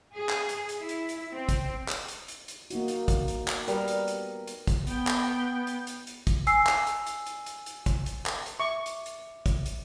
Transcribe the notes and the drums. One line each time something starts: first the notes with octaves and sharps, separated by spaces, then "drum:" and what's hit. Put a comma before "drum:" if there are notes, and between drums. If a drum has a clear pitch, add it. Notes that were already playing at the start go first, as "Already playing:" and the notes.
G#4
drum: clap
drum: hi-hat
drum: hi-hat
E4
drum: hi-hat
drum: hi-hat
C4
drum: kick, hi-hat
drum: clap
drum: hi-hat
drum: hi-hat
drum: hi-hat
A#3 D#4 F#4, drum: hi-hat
drum: hi-hat
drum: kick, hi-hat
drum: hi-hat
drum: clap
G3 B3 A#4, drum: hi-hat
drum: hi-hat
drum: hi-hat
drum: hi-hat
drum: kick, hi-hat
B3 G5, drum: hi-hat
drum: clap
drum: hi-hat
drum: hi-hat
drum: hi-hat
drum: kick, hi-hat
G#5 E6 C7, drum: hi-hat
drum: clap
drum: hi-hat
drum: hi-hat
drum: hi-hat
drum: hi-hat
drum: hi-hat
drum: kick, hi-hat
drum: hi-hat
drum: clap
drum: hi-hat
E5 C#6 D6
drum: hi-hat
drum: hi-hat
drum: kick, hi-hat
drum: hi-hat